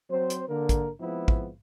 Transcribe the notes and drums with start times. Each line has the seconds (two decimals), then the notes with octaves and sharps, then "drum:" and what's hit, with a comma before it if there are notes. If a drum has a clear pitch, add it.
0.11 F#3 C4 C5
0.30 drum: hi-hat
0.48 D3 A#3 A#4
0.69 drum: kick, hi-hat
1.00 F3 G#3 B3 C4 E4
1.28 drum: kick